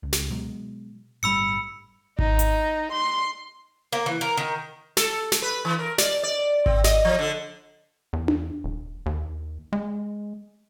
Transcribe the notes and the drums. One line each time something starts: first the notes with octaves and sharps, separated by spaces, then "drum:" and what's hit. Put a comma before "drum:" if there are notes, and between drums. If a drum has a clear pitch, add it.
C#2
drum: snare
B2 F#3 G#3
G1 A2 G3 B5 E6 C#7
D#4, drum: kick G#1
drum: hi-hat
C6
A#3
E3
A#4
D#3
A4, drum: snare
drum: snare
B4
E3
A#4
D5, drum: snare
D5
C4, drum: kick G#1
D#5, drum: snare
F3
D3
E2
drum: tom D4
D#1
D#2
G#3